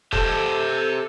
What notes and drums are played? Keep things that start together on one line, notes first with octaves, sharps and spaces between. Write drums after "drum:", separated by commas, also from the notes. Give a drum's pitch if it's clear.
G4 A4 C5 A5, drum: kick E1